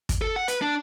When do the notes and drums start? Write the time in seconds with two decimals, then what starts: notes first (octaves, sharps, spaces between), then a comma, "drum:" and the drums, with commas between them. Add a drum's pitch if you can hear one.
0.09 drum: kick, hi-hat
0.22 A4
0.36 F#5
0.48 B4, drum: hi-hat
0.62 D4